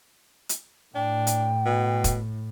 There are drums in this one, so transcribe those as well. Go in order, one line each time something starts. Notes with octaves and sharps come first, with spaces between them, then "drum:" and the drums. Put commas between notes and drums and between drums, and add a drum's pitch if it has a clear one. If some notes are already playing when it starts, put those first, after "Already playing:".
drum: hi-hat
A2 D4 G5
drum: hi-hat
B2
drum: kick, hi-hat